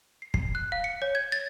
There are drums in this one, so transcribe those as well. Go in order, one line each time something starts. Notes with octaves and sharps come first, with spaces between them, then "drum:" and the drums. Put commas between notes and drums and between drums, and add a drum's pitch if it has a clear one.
C7
C7, drum: kick
F#6
F5
C#7
C#5
G#6
A6